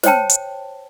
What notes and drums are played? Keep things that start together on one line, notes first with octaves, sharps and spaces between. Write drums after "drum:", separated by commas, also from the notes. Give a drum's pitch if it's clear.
C5 C#5 G5 A5, drum: snare
drum: hi-hat